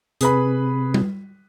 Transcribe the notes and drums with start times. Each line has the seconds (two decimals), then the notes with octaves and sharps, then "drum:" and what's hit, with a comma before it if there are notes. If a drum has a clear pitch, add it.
0.21 C3 G#4 B4 B5, drum: hi-hat
0.94 drum: tom G3